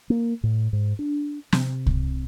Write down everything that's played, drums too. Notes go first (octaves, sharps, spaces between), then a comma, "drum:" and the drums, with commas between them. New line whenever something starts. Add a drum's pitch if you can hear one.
A#3
A2
G#2
D4
C3, drum: snare
drum: kick C2